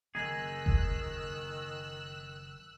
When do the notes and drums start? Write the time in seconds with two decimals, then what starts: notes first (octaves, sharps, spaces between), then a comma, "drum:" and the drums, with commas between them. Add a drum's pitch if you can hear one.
0.15 F#1 D#3 F#3 A#3 D#4 G#4 E6 F#6
0.66 drum: kick F#1